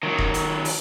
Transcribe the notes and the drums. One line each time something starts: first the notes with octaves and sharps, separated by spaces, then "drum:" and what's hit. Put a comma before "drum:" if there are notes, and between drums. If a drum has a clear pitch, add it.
D#3 F#3
drum: kick E1
drum: hi-hat
drum: open hi-hat